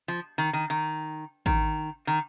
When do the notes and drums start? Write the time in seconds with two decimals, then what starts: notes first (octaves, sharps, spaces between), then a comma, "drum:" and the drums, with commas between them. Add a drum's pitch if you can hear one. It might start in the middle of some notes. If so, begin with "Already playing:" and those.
0.08 F3
0.38 D#3
0.53 D#3
0.70 D#3
1.46 D#3, drum: kick A1
2.07 D#3